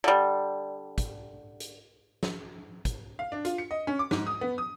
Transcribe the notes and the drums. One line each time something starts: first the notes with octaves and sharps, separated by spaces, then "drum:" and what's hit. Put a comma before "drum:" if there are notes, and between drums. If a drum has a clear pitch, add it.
D3 G3
drum: kick, hi-hat
drum: hi-hat
drum: snare
drum: kick, hi-hat
F5
D4
F4, drum: hi-hat
C#7
D#5
C#4
D6
G#2, drum: snare
D#6
B3
D#6